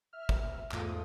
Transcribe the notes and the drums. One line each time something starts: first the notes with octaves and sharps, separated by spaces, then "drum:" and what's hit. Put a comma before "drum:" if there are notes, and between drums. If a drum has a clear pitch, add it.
E5 F6
drum: kick
E2 G#2 A3 F4 D#6, drum: clap